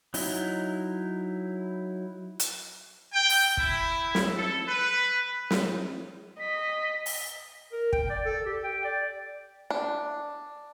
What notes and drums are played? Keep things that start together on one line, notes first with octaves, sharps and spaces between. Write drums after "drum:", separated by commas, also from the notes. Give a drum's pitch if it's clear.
F#3 D#4 E4, drum: open hi-hat
drum: hi-hat
G5
drum: open hi-hat
E4, drum: kick
drum: snare
A4
B4
drum: snare
D#5 B6
drum: open hi-hat
A#4
G5, drum: kick
D5
A4
G4
G5
D5
D4